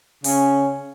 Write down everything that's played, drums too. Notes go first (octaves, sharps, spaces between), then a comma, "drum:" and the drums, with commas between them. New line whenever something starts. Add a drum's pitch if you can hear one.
C#3 C#4, drum: open hi-hat